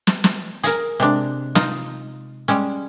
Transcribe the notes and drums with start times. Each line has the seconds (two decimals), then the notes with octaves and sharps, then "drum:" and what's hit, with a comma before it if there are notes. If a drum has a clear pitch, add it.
0.07 drum: snare
0.24 drum: snare
0.63 G#4 A#4, drum: hi-hat
1.00 C3 G#3 D4
1.55 D#4 F4 A#5, drum: snare
2.48 G3 G#3 C#4